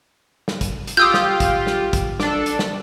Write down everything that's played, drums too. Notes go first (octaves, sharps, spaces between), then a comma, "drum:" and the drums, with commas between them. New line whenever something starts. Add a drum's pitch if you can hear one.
drum: snare
drum: kick, hi-hat
drum: hi-hat
F4 G4 D#6 E6 G6
drum: snare
drum: kick, hi-hat
drum: snare
drum: kick, hi-hat
D4 A4, drum: snare
drum: hi-hat
drum: snare